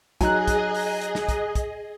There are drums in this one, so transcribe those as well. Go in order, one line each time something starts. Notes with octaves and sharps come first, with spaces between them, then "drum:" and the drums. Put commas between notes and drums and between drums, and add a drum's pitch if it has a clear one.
F#3 D#4 G#4 D#5 G#5 A#5 F#6, drum: kick, hi-hat
drum: kick, hi-hat
drum: open hi-hat
drum: hi-hat
drum: snare
drum: kick, hi-hat
drum: kick, hi-hat